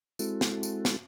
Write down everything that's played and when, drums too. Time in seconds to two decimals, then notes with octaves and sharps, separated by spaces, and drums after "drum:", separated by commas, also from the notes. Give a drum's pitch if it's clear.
0.19 G#3 C4 E4 F#4 A4, drum: tambourine
0.41 drum: snare
0.63 drum: tambourine
0.85 drum: snare